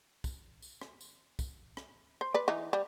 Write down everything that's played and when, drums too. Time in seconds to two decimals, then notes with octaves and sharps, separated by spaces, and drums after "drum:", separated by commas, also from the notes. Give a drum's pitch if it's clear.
0.24 drum: kick, tambourine
0.62 drum: tambourine
0.82 drum: rim click
1.01 drum: tambourine
1.39 drum: kick, tambourine
1.77 drum: rim click
2.21 C5
2.34 B4 D5
2.48 E3 D#4
2.73 G3